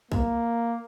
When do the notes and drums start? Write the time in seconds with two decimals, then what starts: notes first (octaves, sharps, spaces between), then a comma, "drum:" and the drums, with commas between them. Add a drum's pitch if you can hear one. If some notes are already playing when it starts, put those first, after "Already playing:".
0.12 A#3, drum: kick